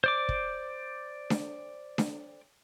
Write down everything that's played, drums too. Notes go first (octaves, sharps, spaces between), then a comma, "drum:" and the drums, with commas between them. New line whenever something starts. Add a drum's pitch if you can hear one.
C5 D5 D6
drum: kick
drum: snare D4
drum: snare D4